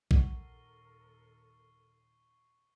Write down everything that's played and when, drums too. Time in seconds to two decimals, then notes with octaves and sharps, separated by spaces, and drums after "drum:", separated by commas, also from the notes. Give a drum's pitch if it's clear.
0.11 D#2 A#2 A4 A#4 F#5 C#6 C7 G7, drum: kick A#1